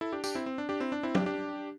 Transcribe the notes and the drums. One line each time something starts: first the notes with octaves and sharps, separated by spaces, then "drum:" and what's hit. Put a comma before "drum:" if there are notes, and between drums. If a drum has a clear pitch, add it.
E4 A4
D4 G4
D4 G4, drum: tambourine
C4 E4
C4
D4
D4 G4
C4 E4
D4
C4 E4
D4 G4, drum: tom
D4 G4